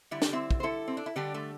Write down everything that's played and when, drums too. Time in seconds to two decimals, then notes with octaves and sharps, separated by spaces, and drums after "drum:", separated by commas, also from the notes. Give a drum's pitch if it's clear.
0.11 D3 G3 E4
0.22 G4, drum: snare
0.33 C4 E4
0.51 drum: kick
0.60 C5
0.63 E4 A4
0.88 C4
0.97 D4
1.06 E4
1.16 D3 G3 D4 G4
1.34 A3